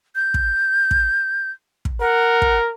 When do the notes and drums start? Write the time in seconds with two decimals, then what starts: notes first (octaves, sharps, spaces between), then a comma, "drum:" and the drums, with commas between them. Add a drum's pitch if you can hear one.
0.15 G6
0.34 drum: kick
0.91 drum: kick
1.85 drum: kick
2.00 A#4 F#5
2.42 drum: kick